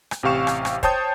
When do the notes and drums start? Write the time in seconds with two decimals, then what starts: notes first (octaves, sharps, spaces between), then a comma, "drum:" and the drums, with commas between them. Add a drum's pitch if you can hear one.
0.11 drum: rim click
0.23 A1 C3 G4 F5 C#6 E7
0.47 drum: rim click
0.65 drum: rim click
0.83 C5 C#5 G5 A5 D#6 G6, drum: kick, hi-hat